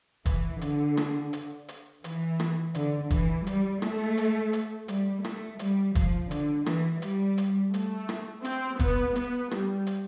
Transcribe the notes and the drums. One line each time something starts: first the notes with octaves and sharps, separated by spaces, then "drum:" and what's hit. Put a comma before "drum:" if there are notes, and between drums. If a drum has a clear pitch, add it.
E3, drum: kick, hi-hat
D3, drum: hi-hat
drum: rim click
drum: hi-hat
drum: hi-hat
E3, drum: hi-hat
drum: rim click
D3, drum: hi-hat
E3, drum: kick, hi-hat
G3, drum: hi-hat
A3, drum: rim click
drum: hi-hat
drum: hi-hat
G3, drum: hi-hat
A3, drum: rim click
G3, drum: hi-hat
F3, drum: kick, hi-hat
D3, drum: hi-hat
E3, drum: rim click
G3, drum: hi-hat
drum: hi-hat
A3, drum: hi-hat
drum: rim click
C4, drum: hi-hat
B3, drum: kick, hi-hat
B3, drum: hi-hat
G3, drum: rim click
drum: hi-hat